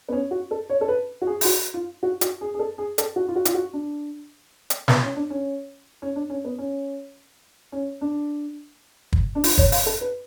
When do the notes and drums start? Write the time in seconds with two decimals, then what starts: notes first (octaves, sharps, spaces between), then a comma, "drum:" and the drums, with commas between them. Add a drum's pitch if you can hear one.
0.09 B3
0.12 C#4
0.31 F#4
0.51 A4
0.70 C#5
0.81 A4
0.88 B4
1.22 F#4
1.27 G#4
1.41 G#4, drum: open hi-hat
1.45 F#4
1.74 F4
2.03 F#4
2.21 F#4, drum: hi-hat
2.41 G#4
2.54 G#4
2.59 A4
2.78 G#4
2.98 A4, drum: hi-hat
3.16 F#4
3.28 F4
3.36 F#4
3.45 F4, drum: hi-hat
3.54 F#4
3.73 D4
4.70 drum: hi-hat
4.88 B3, drum: snare
5.02 C#4
5.16 D4
5.30 C#4
6.02 C#4
6.16 D4
6.30 C#4
6.45 B3
6.58 C#4
7.72 C#4
8.01 D4
9.13 drum: kick
9.35 D4
9.44 F4, drum: open hi-hat
9.58 C#5, drum: kick
9.72 F5, drum: open hi-hat
9.86 A4
10.01 B4